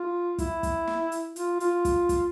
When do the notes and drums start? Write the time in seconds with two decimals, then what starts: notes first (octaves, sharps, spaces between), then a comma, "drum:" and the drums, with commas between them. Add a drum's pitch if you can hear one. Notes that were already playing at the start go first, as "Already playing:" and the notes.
Already playing: F4
0.38 E4, drum: kick, hi-hat
0.63 drum: kick, hi-hat
0.87 drum: snare
1.12 drum: hi-hat
1.36 F4, drum: hi-hat
1.60 F4, drum: hi-hat
1.85 drum: kick, hi-hat
2.09 drum: kick, hi-hat